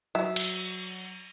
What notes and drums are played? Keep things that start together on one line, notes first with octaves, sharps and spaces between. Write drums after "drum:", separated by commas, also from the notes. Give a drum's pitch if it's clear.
F#3 E5
drum: cymbal